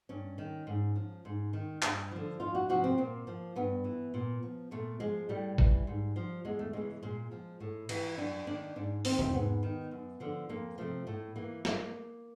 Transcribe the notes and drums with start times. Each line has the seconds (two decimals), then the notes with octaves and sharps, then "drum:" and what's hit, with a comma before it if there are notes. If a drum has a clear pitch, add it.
0.09 G2 C#4
0.38 D#3
0.67 G#2
0.96 F3
1.25 G#2
1.53 D#3
1.82 G2, drum: clap
2.11 D3 F3
2.40 F2 F4
2.55 F#4
2.69 C3 F3 F#4
2.84 C4
2.98 A#2 A#3
3.27 F3
3.56 G2 B3
3.84 E3
4.14 A#2
4.43 F3
4.71 A#2 A3
5.00 F3 G#3
5.29 A2 G3
5.58 E3, drum: kick A1
5.87 G#2
6.16 F3
6.45 E2 G#3
6.59 A3
6.73 C#3 E3 G#3
7.03 A#2 G#3
7.31 F3
7.60 A2
7.89 E3, drum: cymbal
8.18 F#2 D4
8.47 D#3 D4
8.76 G#2 D4
9.05 D#3 C4, drum: open hi-hat
9.19 C4, drum: tom E2
9.33 G#2 B3
9.63 D#3
9.91 F#2
10.20 D3 F3
10.49 F2 A#3
10.78 C3 F3 A3
11.07 A2 A3
11.36 E3 A#3
11.65 A#3, drum: snare